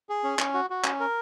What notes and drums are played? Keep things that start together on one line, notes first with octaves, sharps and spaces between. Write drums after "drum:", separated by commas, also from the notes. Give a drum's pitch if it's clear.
G#4
C#4
C#4, drum: clap
F#4
F#4
C#4, drum: clap
A#4